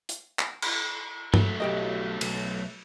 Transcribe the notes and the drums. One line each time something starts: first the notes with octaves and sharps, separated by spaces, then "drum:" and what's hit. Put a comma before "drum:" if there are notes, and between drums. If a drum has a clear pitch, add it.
drum: hi-hat
drum: clap
drum: cymbal
F#3 A3, drum: tom
B1 G4 D#5
B1, drum: cymbal